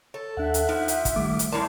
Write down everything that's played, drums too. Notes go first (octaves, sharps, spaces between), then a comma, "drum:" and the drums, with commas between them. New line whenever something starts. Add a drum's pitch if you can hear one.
A4 C#5
D#2 D4 E5 F#5
drum: hi-hat
F3 D#4
drum: hi-hat
drum: kick, hi-hat
D#3 G3 A3 D6
drum: hi-hat
A2 C#4 E4 A#4 D5 A5 C6